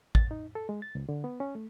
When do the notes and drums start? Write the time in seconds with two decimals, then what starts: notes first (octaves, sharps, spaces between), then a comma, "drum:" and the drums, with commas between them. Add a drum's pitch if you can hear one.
0.15 A6, drum: kick
0.31 D#4
0.55 A4
0.69 G#3
0.82 A6
0.95 C#2
1.09 D3
1.24 B3
1.40 C#4
1.55 A3